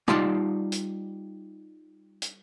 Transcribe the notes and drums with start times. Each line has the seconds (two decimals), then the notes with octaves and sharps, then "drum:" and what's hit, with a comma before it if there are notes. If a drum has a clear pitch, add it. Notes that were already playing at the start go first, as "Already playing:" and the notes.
0.08 G3 D#4 F4 D5 A5, drum: tom
0.72 drum: hi-hat
2.22 drum: hi-hat